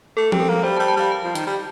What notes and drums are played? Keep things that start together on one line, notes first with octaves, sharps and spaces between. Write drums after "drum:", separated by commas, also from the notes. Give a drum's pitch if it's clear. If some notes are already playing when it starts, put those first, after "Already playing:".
A3 A4
C4, drum: tom F3
A#4
A#3
G3 C5
A5
G3
A5
G3 F5
A5
F3
D#3, drum: hi-hat
G3